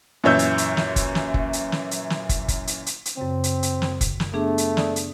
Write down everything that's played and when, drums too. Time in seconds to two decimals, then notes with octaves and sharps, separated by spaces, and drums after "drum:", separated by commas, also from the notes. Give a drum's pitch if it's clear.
0.24 F#2 A#2 E3 C#5 E6 G6
0.39 drum: hi-hat
0.58 drum: hi-hat
0.77 drum: snare
0.96 drum: kick, hi-hat
1.15 drum: snare
1.34 drum: kick
1.53 drum: hi-hat
1.72 drum: snare
1.91 drum: hi-hat
2.10 drum: snare
2.29 drum: kick, hi-hat
2.48 drum: kick, hi-hat
2.67 drum: hi-hat
2.86 drum: hi-hat
3.05 drum: hi-hat
3.17 F#2 C#3 C4
3.44 drum: hi-hat
3.63 drum: hi-hat
3.82 drum: snare
4.01 drum: kick, hi-hat
4.20 drum: snare
4.33 A3 B3 D4 G#4
4.58 drum: hi-hat
4.77 D5 D#6, drum: snare
4.96 drum: hi-hat